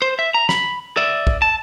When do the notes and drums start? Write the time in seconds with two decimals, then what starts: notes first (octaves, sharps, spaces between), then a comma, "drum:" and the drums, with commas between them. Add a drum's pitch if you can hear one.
0.02 C5
0.19 E5
0.34 A#5
0.49 B5, drum: snare
0.97 D5 E5
1.27 drum: kick
1.42 A5